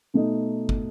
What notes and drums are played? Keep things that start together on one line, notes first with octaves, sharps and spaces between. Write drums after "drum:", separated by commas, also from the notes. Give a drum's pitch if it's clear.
B2 A3 D#4
drum: kick